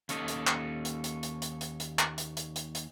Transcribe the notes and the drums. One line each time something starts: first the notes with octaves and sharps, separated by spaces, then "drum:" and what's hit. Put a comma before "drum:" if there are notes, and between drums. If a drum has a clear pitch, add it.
D#2 C#4 A4 D#5, drum: hi-hat
drum: hi-hat
drum: clap
drum: hi-hat
drum: hi-hat
drum: hi-hat
drum: hi-hat
drum: hi-hat
drum: hi-hat
drum: clap
drum: hi-hat
drum: hi-hat
drum: hi-hat
drum: hi-hat